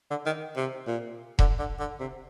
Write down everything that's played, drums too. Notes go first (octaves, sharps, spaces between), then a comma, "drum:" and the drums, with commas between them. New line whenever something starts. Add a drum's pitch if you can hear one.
D3
D#3
C3
A#2
D3, drum: kick E1
D3
D3
C3